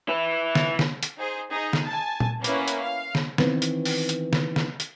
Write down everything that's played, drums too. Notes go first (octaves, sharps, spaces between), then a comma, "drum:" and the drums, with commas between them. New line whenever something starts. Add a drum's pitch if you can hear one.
E4 B4
drum: snare
drum: snare
drum: hi-hat
D#4 G#4 C5
D#4 G#4
drum: snare
G#5 A5
drum: tom A#2
A#3 B3 C#4 E4 B4, drum: hi-hat
drum: hi-hat
F5
drum: snare
D#3 E3 B3 C4, drum: snare
drum: hi-hat
drum: open hi-hat
drum: hi-hat
drum: snare
drum: snare
drum: hi-hat